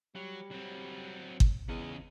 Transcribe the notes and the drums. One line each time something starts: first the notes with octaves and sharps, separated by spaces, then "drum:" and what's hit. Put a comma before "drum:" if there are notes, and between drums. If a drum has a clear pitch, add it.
F#3 G3
F#3 C4
drum: kick G1
E2 C#3 D#5